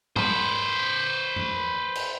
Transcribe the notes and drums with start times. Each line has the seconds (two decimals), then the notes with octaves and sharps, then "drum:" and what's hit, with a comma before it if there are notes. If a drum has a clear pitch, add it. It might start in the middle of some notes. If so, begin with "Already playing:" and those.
0.16 B4 C5, drum: tom G#2
1.36 drum: tom F#2
1.95 drum: cymbal